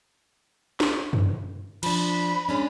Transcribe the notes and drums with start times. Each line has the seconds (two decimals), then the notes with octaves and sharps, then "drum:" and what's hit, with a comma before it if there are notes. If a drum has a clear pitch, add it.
0.80 drum: snare
1.13 drum: tom F#2
1.83 F3 D4 B5, drum: cymbal
2.49 G#3 C#4 D4